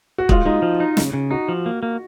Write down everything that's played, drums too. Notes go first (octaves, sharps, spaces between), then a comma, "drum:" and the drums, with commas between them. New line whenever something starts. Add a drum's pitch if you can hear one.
F#4
G#3 F4, drum: kick
G#3 D#4
F3
D#4
C#3, drum: snare
C#3
D#4 F#4
F3
A#3
A#3